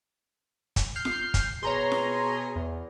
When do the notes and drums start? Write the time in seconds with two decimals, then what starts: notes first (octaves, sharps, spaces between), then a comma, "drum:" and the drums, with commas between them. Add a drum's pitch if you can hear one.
0.76 drum: kick, hi-hat
0.96 F6 G6 C7
1.05 drum: snare F4
1.34 drum: kick, hi-hat
1.63 B2 G#4 C#5 A#5 C6
1.92 drum: snare F4
2.56 E2